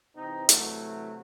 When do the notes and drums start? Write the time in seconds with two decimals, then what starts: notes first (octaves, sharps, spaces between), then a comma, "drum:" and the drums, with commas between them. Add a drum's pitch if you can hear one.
0.16 C3 E3 C4 D#4
0.49 F#3 A3, drum: hi-hat